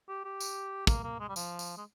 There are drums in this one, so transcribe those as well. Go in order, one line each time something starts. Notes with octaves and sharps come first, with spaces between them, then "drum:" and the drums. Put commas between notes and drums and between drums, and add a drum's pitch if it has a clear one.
G4
G4
drum: tambourine
A#3, drum: kick, tambourine
A#3
G#3
G3
F3, drum: tambourine
drum: tambourine
G#3